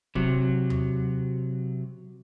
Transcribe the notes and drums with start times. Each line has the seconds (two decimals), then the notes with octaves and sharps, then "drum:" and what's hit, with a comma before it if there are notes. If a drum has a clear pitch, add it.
0.15 C3 F#3, drum: kick
0.70 drum: tom D#2